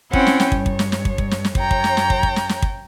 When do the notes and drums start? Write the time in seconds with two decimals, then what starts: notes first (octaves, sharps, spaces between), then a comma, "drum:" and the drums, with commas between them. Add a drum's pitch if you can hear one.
0.13 C4 C#4 E4 F#5 G5, drum: kick
0.27 drum: snare
0.40 drum: snare
0.52 G2 C#5, drum: kick
0.66 drum: kick
0.79 drum: snare
0.92 drum: snare
1.05 drum: kick
1.18 drum: kick
1.31 drum: snare
1.45 drum: snare
1.55 F#2 C#5 G5 A#5, drum: kick
1.71 drum: kick
1.84 drum: snare
1.97 drum: snare
2.10 drum: kick
2.23 drum: kick
2.36 drum: snare
2.49 drum: snare
2.62 drum: kick